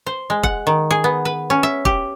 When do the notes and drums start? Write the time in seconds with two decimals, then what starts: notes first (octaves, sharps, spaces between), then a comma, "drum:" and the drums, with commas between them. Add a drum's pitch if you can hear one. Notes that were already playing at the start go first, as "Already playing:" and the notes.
0.06 C5
0.30 G#3
0.43 F#5, drum: kick
0.67 D#3
0.91 G#4
1.04 B3
1.25 B4
1.50 C#4
1.63 E5
1.85 G4, drum: kick